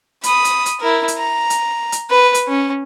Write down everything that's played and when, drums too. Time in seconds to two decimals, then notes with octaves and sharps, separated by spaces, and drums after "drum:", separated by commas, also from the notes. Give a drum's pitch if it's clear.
0.23 B5 D#6, drum: hi-hat
0.45 drum: hi-hat
0.66 drum: hi-hat
0.80 E4 A#4
1.08 drum: hi-hat
1.17 A#5
1.50 drum: hi-hat
1.92 drum: hi-hat
2.10 B4
2.34 drum: hi-hat
2.48 C#4